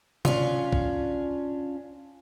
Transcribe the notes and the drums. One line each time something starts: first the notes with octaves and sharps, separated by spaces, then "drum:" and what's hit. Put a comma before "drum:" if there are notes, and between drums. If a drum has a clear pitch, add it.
C#4 D4 F4, drum: tom C3
drum: kick